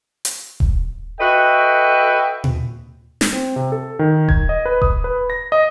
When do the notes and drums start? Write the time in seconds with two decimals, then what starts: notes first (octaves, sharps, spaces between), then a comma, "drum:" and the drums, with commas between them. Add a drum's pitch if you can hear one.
0.25 drum: hi-hat
0.60 drum: kick D#1
1.20 F#4 A4 B4 D#5 E5 G5
2.44 drum: tom
3.21 drum: snare
3.33 C4
3.56 C3
3.72 A4
3.99 D#3
4.29 G#6, drum: kick D#1
4.49 D#5
4.66 B4
4.82 D#6, drum: kick D#1
5.04 B4
5.30 A#6
5.52 D#5